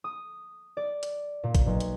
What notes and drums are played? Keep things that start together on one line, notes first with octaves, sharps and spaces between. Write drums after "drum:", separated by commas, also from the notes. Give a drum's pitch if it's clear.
D#6
D5
drum: hi-hat
A#2
drum: kick, hi-hat
B1
drum: hi-hat